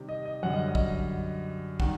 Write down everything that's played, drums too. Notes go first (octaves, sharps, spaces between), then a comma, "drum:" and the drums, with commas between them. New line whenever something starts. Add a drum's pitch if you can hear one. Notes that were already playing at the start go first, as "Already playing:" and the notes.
Already playing: C3 D#3 G3
D#5
D#5
F#2 D3 G3 F#5
D#5
D#5, drum: kick
D#3 G3 F#5, drum: kick